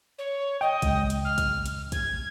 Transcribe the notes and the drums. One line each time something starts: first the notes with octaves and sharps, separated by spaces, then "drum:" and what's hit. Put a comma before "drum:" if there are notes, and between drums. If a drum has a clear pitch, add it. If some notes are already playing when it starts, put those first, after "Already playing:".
C#5
D#5 G5
C#2, drum: kick, hi-hat
drum: hi-hat
F6
drum: kick, hi-hat
drum: hi-hat
G#6, drum: kick, hi-hat